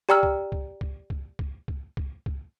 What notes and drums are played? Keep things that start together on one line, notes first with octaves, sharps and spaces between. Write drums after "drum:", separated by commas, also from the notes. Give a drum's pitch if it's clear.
G4 D5 G5 A#5 E6 F6
drum: kick
drum: kick
drum: kick
drum: kick
drum: kick
drum: kick
drum: kick
drum: kick